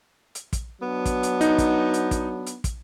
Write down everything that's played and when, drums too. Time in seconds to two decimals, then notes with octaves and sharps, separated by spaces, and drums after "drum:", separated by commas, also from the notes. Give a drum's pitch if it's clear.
0.35 drum: hi-hat
0.53 drum: kick, hi-hat
0.82 F#3 B3 D4
1.05 drum: kick, hi-hat
1.23 drum: hi-hat
1.41 D#4, drum: hi-hat
1.58 drum: kick, hi-hat
1.94 drum: hi-hat
2.11 drum: kick, hi-hat
2.46 drum: hi-hat
2.64 drum: kick, hi-hat